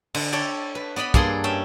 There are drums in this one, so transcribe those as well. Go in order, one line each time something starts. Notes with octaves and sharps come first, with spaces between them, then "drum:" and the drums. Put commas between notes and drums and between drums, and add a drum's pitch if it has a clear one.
D3, drum: cymbal
A4 C#5 D5 G5
B4
B3 D5 D#5 B5
G2 A#3 G#4 A4 F#5 C6, drum: kick
C#4 E5 G5